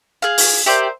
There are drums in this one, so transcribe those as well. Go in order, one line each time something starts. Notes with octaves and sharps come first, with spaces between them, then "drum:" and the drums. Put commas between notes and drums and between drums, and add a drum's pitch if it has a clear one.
G#4 F5
drum: open hi-hat
G4 A#4 C5 D5 E5